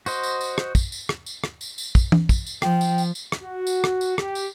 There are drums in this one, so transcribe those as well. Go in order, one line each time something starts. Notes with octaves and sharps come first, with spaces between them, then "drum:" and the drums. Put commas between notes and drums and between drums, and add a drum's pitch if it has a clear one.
F#4 C5 D#5, drum: tambourine
drum: tambourine
drum: tambourine
drum: rim click
drum: kick, tambourine
drum: tambourine
drum: rim click
drum: tambourine
drum: rim click
drum: tambourine
drum: tambourine
drum: kick, tambourine
drum: tom E3
drum: kick, tambourine
drum: tambourine
F3 G5, drum: rim click
drum: tambourine
drum: tambourine
drum: tambourine
drum: rim click
F#4
drum: tambourine
drum: rim click
drum: tambourine
G4, drum: rim click
drum: tambourine